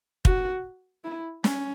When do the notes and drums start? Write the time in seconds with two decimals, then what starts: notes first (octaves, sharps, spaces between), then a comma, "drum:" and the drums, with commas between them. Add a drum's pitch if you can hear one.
0.25 F#4, drum: kick
1.04 E4
1.44 C#4, drum: snare